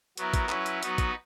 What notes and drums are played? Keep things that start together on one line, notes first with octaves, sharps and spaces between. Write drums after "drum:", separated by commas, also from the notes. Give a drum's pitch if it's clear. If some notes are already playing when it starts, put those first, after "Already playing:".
F#3 B3 E4 A#4, drum: hi-hat
drum: kick, hi-hat
F#3 C#4 E4 B4, drum: clap
drum: hi-hat
F#3 B3 D#4 F#4 B4, drum: hi-hat
drum: kick, hi-hat